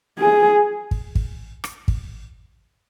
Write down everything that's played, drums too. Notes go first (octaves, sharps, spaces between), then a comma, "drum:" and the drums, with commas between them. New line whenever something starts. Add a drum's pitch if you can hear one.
G#4
drum: kick
drum: kick
drum: rim click
drum: kick